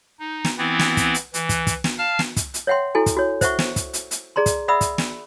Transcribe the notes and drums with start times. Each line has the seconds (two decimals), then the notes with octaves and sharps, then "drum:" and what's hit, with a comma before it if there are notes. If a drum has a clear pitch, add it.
0.19 D#4
0.45 drum: snare
0.58 E3 B3 C4 E4
0.79 drum: snare
0.97 drum: kick, hi-hat
1.14 drum: hi-hat
1.34 E3, drum: hi-hat
1.49 drum: kick, hi-hat
1.67 drum: kick, hi-hat
1.84 drum: snare
1.98 F5 A5 F6
2.19 drum: snare
2.36 drum: kick, hi-hat
2.54 drum: hi-hat
2.67 C#5 E5 F#5 G5 C6
2.95 E4 F#4 A4 G#5
3.06 drum: kick, hi-hat
3.17 F#4 C#5
3.41 C5 E5 F#5 C#6, drum: kick, hi-hat
3.59 drum: snare
3.76 drum: kick, hi-hat
3.93 drum: hi-hat
4.11 drum: hi-hat
4.36 G#4 D5 A#5 C6
4.46 drum: kick, hi-hat
4.68 D5 E5 F#5 B5 D#6 E6
4.81 drum: kick, hi-hat
4.98 drum: snare